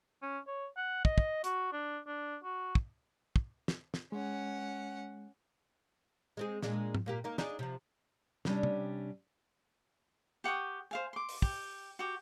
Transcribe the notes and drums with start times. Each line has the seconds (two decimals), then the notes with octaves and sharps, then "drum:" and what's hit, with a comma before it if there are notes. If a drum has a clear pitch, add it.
0.22 C#4
0.47 C#5
0.77 F#5
1.05 D#5, drum: kick
1.18 drum: kick
1.44 F#4, drum: hi-hat
1.73 D4
2.07 D4
2.44 F#4
2.75 drum: kick
3.36 drum: kick
3.68 drum: snare
3.94 drum: snare
4.12 G#3 C#4 F#5
6.37 G#3 C4 G#4
6.63 A#2 G#3 D4, drum: snare
6.95 drum: tom
7.06 A#2 A#3 G4
7.24 A#3 D#4
7.38 D4 D#4 G#4, drum: snare
7.59 C3 F3
8.45 C3 G3 C#4 D4, drum: snare
8.63 drum: tom
10.44 G4 F#5 C#6 D#6
10.91 C5 F5 G#5
11.13 C6 D6
11.29 drum: open hi-hat
11.42 G4, drum: kick
11.99 F#4 G4